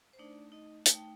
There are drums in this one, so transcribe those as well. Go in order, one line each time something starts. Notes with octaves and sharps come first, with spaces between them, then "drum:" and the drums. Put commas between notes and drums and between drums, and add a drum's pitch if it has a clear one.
C5
A3 D4 D#4 D5
D#4 D#5
A3 D#4 A5, drum: hi-hat
G5